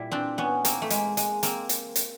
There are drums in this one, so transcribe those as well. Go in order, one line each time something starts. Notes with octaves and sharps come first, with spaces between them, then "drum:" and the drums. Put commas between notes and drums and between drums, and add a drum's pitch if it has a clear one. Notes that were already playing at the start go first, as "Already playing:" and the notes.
Already playing: A#2 G3 E4
C4 D4
B3 C#4
A#3 C4, drum: hi-hat
A3
G#3 A#3, drum: hi-hat
G#3, drum: hi-hat
A#3 C4, drum: hi-hat
drum: hi-hat
drum: hi-hat